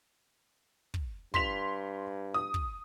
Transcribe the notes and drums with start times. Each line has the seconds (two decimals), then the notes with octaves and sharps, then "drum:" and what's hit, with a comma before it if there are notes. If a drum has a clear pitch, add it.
0.94 drum: kick
1.34 G2 C6 B6 F7, drum: kick
2.34 D#6
2.54 drum: kick